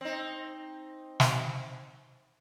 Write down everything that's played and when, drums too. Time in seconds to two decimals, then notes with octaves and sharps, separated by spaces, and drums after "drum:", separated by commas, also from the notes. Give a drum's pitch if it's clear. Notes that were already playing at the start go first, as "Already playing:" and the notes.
0.01 C4 D#4
1.20 drum: snare